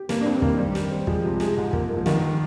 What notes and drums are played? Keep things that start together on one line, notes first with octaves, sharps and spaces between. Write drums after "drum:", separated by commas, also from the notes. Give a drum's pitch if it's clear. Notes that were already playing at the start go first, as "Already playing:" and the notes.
Already playing: G4
G2 A#3, drum: snare
D4
G2 C4
D#3 A#3, drum: kick
G3 G4
G4, drum: snare
C5
F3 G#3, drum: kick
C3
G#3, drum: snare
G#2
A#3, drum: kick
A#3
F3
G2 D#3, drum: snare